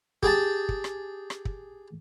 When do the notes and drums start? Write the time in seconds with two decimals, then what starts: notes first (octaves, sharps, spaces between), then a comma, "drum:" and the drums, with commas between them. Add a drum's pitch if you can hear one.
0.23 G4 G#4 G5 A5, drum: kick
0.69 drum: kick
0.84 drum: rim click
1.30 drum: rim click
1.45 drum: kick